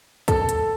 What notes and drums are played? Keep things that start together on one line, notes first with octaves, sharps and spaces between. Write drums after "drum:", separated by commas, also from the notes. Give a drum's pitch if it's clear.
A4, drum: kick, hi-hat
drum: hi-hat